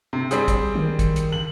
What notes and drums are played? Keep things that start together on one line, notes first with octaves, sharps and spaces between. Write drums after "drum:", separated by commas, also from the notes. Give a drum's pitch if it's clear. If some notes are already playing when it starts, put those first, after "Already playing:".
C3
G3 C4 G#4, drum: hi-hat
drum: kick, hi-hat
D#3
drum: kick, hi-hat
drum: hi-hat
F#7